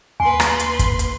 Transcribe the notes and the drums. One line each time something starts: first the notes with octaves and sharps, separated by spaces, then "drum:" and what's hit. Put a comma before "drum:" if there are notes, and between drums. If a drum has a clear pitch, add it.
D#2 B4 G#5 C6
drum: rim click
drum: hi-hat
drum: kick, hi-hat
drum: hi-hat